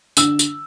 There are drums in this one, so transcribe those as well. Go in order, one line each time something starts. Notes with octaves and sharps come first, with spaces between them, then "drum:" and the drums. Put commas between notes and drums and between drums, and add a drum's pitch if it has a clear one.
D3 E6, drum: tambourine
drum: tambourine